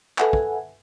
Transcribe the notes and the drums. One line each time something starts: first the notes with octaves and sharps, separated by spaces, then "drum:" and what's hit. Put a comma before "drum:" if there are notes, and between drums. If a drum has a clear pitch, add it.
A4 B4 E5 F#5 G#5, drum: clap
drum: kick